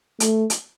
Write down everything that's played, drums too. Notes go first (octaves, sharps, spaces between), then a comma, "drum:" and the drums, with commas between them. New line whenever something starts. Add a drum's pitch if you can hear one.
A3, drum: hi-hat
drum: hi-hat